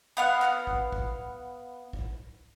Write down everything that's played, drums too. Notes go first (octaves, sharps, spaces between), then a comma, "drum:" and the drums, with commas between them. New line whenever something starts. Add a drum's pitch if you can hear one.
B3 F5 F#5
drum: clap
drum: kick
drum: kick
drum: kick